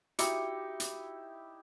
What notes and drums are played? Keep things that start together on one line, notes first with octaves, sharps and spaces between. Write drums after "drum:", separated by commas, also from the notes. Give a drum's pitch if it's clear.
D#4 E4 F#4 G4 D6 C#7, drum: hi-hat
drum: hi-hat